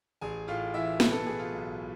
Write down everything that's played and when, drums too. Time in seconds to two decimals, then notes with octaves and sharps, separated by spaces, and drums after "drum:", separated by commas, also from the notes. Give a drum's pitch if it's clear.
0.21 A1 G#4 G#5
0.48 A2 F4 F5
0.74 E3 E4 E5
1.00 B2 B4, drum: snare
1.12 A4
1.27 B2 G#4
1.39 F4
1.52 B1